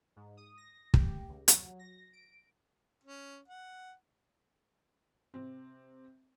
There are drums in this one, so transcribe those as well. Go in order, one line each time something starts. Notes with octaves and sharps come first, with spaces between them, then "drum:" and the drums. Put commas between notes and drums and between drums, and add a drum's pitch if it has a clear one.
G#2
D#6
A#6
G4, drum: kick
C#2
F#3, drum: hi-hat
A#6
D7
C#4
F#5
C3 C4